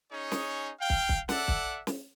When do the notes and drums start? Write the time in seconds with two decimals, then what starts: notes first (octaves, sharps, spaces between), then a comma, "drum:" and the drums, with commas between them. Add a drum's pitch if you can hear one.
0.11 C#4 D#4 G#4 C#5
0.32 drum: snare
0.80 F5 G5
0.90 drum: kick
1.09 drum: kick
1.29 A4 D5 E5 F#5, drum: snare
1.48 drum: kick
1.87 drum: snare